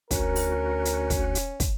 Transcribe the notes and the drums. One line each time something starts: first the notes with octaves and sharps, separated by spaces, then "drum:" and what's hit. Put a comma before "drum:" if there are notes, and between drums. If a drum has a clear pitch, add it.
D2 C#4 F#4 A#4, drum: kick, hi-hat
drum: open hi-hat
drum: hi-hat
drum: kick, hi-hat
drum: hi-hat
drum: kick, hi-hat